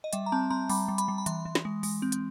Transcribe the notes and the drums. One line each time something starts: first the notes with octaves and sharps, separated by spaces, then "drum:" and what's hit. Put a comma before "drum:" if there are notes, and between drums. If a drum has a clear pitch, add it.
D#5
G3 E5, drum: hi-hat
A#5
C4 A5
C4 A#5
G3 B5, drum: open hi-hat
G3
B5, drum: hi-hat
G3
B5
E3 C6, drum: hi-hat
E3
drum: snare
G#3
G#3, drum: open hi-hat
C4
drum: hi-hat